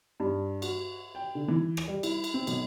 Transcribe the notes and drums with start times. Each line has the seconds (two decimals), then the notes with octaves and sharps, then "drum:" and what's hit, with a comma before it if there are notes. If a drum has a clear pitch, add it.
0.20 G2
0.62 F#4, drum: cymbal
1.15 G5
1.35 D3
1.48 E3
1.77 drum: rim click
1.88 G3
2.03 E4, drum: cymbal
2.24 drum: cymbal
2.34 C4
2.47 B1, drum: cymbal